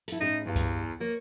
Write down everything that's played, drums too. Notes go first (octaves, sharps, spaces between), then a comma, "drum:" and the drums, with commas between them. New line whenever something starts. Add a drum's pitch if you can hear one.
E4 A4, drum: hi-hat
A2 C#4 D#4 G#4
E2 G2 F5
drum: kick C#2, hi-hat
A#3 A#4 C#5